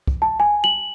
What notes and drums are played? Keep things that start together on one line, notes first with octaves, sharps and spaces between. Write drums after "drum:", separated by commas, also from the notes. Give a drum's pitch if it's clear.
drum: kick
A5
G#5
F#7